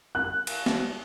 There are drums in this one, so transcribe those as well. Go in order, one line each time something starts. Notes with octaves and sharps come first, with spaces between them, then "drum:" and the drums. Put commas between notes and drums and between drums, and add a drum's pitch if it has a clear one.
F#6
drum: cymbal
drum: snare